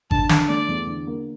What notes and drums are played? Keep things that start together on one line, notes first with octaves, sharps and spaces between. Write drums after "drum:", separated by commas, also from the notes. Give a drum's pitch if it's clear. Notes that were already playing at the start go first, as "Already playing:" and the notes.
D3 A5, drum: kick G#1
D3, drum: snare
A3 D5
E2
D3
A#3